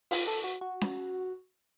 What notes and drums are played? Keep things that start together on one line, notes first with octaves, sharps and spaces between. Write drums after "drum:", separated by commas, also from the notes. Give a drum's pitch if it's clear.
F4, drum: open hi-hat
A4
F#4
F#4
drum: snare C#4